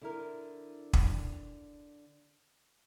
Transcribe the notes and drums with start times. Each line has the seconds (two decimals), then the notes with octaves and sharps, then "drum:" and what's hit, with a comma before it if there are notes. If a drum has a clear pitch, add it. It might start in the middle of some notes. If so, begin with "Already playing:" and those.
0.01 D3 E4 A#4
0.93 drum: kick